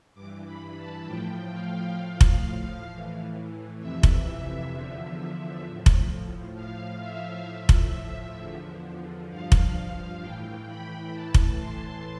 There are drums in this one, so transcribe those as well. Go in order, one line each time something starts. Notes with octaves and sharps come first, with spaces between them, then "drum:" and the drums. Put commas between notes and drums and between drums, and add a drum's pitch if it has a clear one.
G2 E3 D6
B5
A5
A2 F3 G5
F5
A2 F3
drum: kick F1
A2 E3
F2 C3 E3 E5
drum: kick F1
E2 D3 F3 E5
A2 F3
drum: kick F1
A2 F3 F5
E5
A2 F3
drum: kick F1
E2 D3 F3
G2 F3 F5
drum: kick F1
A2 E3 G5
B5
A2 E3 A5
drum: kick F1
C6